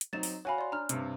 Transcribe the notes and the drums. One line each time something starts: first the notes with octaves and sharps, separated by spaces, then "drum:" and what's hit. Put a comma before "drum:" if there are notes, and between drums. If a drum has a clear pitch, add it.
drum: hi-hat
F#3 C4 D#4 A6 E7
drum: open hi-hat
F#4 C#5 F5 G#5 B5
D5 C6
D4 A#5 F6
G2 C3, drum: hi-hat